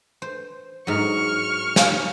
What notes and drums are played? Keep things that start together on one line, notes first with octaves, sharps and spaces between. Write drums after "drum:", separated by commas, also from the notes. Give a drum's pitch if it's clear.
C5
G#2 F#3 C#6 F6
F5 G#5, drum: snare